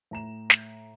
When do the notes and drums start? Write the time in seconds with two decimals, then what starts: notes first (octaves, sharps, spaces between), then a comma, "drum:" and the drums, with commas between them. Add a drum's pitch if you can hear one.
0.11 A2 A#5 E7
0.50 drum: snare